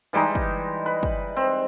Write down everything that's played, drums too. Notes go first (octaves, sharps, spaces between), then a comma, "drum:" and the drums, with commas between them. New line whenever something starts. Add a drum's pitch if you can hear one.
E3 G3 G#3 D#4
drum: kick
B4
drum: kick
C4